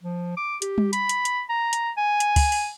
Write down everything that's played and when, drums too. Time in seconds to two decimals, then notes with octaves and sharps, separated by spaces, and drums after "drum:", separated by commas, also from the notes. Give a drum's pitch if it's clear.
0.03 F3
0.37 D6
0.62 G4, drum: hi-hat
0.78 drum: tom G3
0.93 B5, drum: hi-hat
1.09 drum: hi-hat
1.25 drum: hi-hat
1.49 A#5
1.73 drum: hi-hat
1.98 G#5
2.20 drum: hi-hat
2.36 drum: kick, open hi-hat
2.52 drum: open hi-hat